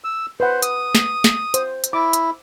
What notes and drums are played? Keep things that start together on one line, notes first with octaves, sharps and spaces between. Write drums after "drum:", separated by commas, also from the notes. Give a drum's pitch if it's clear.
E6
B4 C5 F#5
D#6, drum: hi-hat
drum: snare
drum: snare
C5, drum: hi-hat
drum: hi-hat
E4 D6
drum: hi-hat